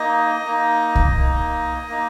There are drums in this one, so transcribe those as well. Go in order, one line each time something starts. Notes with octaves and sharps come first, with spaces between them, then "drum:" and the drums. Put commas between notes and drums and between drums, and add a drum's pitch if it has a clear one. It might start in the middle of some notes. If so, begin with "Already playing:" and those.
Already playing: A#3 D#4 D#5
A#3 D#4
drum: kick C2
A#3 D#4
A#3 D#4